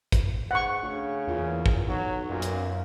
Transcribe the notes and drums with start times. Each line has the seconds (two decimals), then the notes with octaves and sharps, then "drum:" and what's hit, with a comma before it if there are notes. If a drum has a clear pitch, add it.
0.12 drum: kick, hi-hat
0.51 G#2 F#5 C#6
0.83 D2 C#3
1.28 E2 A#2
1.66 drum: kick
1.88 B1 F#3
2.30 F#2 A#2
2.42 drum: hi-hat